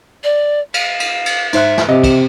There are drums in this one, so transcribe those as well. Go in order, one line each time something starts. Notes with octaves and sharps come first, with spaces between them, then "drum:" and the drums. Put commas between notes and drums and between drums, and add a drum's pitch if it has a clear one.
D5
F5, drum: cymbal
drum: cymbal
drum: cymbal
G#2 C5 E5 F#6, drum: cymbal
drum: snare
C3 G4 D#5 E5
drum: kick, cymbal